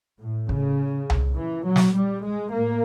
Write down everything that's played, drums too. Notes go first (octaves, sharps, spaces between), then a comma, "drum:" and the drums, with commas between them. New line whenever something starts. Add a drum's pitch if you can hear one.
A2
C#3, drum: kick
drum: tom C2
A#2 E3
F#3
drum: snare
G3
G#3
A2 A#3